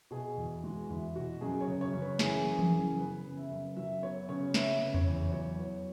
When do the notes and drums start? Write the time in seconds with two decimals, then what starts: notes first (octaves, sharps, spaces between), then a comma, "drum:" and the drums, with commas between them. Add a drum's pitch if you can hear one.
0.11 B2 G#4
0.37 E2
0.64 G#3 F#4
0.89 E2 E4
1.16 B2 F#4
1.41 F#2 G#4
1.61 C#5
1.67 C#3
1.81 C#5
1.93 F#2
2.01 B4
2.19 E3 G#4, drum: snare
2.46 F#2
2.59 drum: tom E3
2.71 C#3
2.98 B3 B4
3.25 C#3
3.37 E5
3.51 F#2
3.76 F#3 E5
4.02 B3 C#5
4.28 C#3 C#5
4.54 B3 E5, drum: snare
4.80 C#3
4.94 C#5, drum: tom E2
5.07 E2
5.32 F#3 C#5
5.59 B3